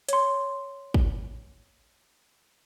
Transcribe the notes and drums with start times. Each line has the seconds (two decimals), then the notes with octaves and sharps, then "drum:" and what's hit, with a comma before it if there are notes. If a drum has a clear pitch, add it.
0.09 C#5 C6, drum: hi-hat
0.94 drum: kick